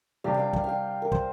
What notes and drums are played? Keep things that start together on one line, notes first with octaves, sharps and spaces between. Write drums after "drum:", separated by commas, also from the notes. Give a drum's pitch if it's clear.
C3 G3 D4 G4 F5
F5 G5
F5, drum: kick
F5 G5
A#4
C5, drum: kick